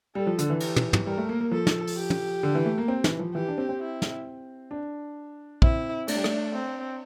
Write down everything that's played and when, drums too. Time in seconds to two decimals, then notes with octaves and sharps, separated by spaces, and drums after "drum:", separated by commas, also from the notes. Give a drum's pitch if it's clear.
0.15 G3 A4
0.27 F3
0.39 D3, drum: hi-hat
0.50 E3
0.60 G4, drum: cymbal
0.76 drum: tom
0.93 drum: tom
1.06 G3 A#4
1.18 A3
1.29 A#3
1.41 A#3
1.51 F3 A4
1.67 drum: snare
1.87 drum: open hi-hat
1.97 G4
2.10 drum: tom
2.43 D3
2.55 E3
2.65 A3
2.78 A#3
2.88 C4
3.04 E3, drum: snare
3.19 F3
3.34 E3 G4
3.48 D4
3.58 C4
3.69 C4
3.80 E4
4.02 drum: snare
4.71 D4
5.62 C4 E4, drum: kick
6.08 A3 D4, drum: cymbal
6.15 G3
6.24 A3, drum: rim click
6.53 C4